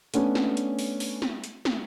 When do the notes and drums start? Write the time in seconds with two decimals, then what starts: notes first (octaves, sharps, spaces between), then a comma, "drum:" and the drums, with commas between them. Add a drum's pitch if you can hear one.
0.14 A3 B3 C#4 D4, drum: hi-hat
0.35 drum: snare
0.57 drum: hi-hat
0.79 drum: open hi-hat
1.00 drum: open hi-hat
1.22 drum: snare
1.44 drum: hi-hat
1.65 drum: snare